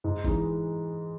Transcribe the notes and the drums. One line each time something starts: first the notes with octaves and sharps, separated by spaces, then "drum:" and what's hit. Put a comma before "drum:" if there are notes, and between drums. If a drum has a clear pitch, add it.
G#2
E3 G#3 D#4, drum: kick G1